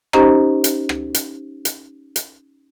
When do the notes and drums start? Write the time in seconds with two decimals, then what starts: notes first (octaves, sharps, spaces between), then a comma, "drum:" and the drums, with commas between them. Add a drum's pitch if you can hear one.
0.13 C#4 D#4 G4 C5 D#5 A#5, drum: rim click
0.64 drum: hi-hat
0.89 drum: rim click
1.14 drum: hi-hat
1.65 drum: hi-hat
2.16 drum: hi-hat